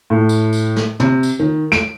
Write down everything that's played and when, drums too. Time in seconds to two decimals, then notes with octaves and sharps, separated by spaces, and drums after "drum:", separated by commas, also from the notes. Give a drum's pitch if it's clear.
0.10 A2
0.29 drum: tambourine
0.53 drum: tambourine
0.76 drum: snare
1.00 C3, drum: tom
1.23 drum: tambourine
1.39 D#3
1.72 D7, drum: snare